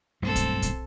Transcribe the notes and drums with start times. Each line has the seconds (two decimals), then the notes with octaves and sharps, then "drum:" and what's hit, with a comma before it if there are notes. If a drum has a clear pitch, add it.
0.22 B1 G2 A3 C4 A4
0.36 drum: kick, hi-hat
0.62 drum: kick, hi-hat